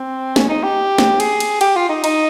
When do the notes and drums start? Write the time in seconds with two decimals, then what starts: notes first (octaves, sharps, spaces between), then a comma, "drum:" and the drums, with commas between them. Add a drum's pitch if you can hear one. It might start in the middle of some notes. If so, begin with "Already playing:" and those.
Already playing: C4
0.36 C#4, drum: snare
0.49 D#4
0.63 G4
0.98 drum: snare
1.20 G#4, drum: cymbal
1.40 drum: cymbal
1.61 G4, drum: cymbal
1.76 F4
1.89 D#4
2.04 D#4, drum: cymbal